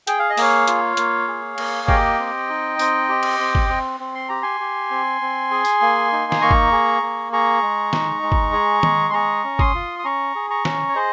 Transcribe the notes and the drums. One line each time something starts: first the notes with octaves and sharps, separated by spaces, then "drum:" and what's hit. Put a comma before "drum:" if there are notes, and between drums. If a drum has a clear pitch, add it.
G#4 G5, drum: hi-hat
F5
D#5
A#3 C#5 F5, drum: open hi-hat
F4, drum: hi-hat
A#3, drum: hi-hat
G#4
A#3, drum: cymbal
G4 D#5 G5, drum: kick G1
C4
D#4
C4, drum: tambourine
G4
drum: cymbal
C4
drum: kick G1
C4
C4
C6
G4 A#5
G#5 C6
G4
C4
C4
G#4
drum: tambourine
A#3
D#4
D#6, drum: snare
A#3 A#5 C#6
drum: kick G1
G#4
A#3
G#4 A#5 C#6
G#3
D#4, drum: snare
G#3
drum: kick G1
G#4
G#3, drum: tom D#3
C6
G#4 A#5 C#6
C#4
C6 D#6, drum: kick G1
F4
D#6
C#4 A#5 C#6
G#4
A#5 C#6
C#4, drum: snare
C#5
G#4 C5 D#5